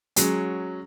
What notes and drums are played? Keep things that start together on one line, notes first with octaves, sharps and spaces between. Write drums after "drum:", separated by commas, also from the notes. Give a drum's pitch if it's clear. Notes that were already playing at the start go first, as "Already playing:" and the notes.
F#3 G#3 C#4, drum: hi-hat